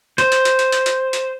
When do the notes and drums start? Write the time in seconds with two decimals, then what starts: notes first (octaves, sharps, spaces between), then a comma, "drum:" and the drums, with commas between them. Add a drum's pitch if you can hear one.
0.18 C5, drum: hi-hat
0.32 drum: hi-hat
0.45 drum: hi-hat
0.59 drum: hi-hat
0.72 drum: hi-hat
0.86 drum: hi-hat
1.13 drum: hi-hat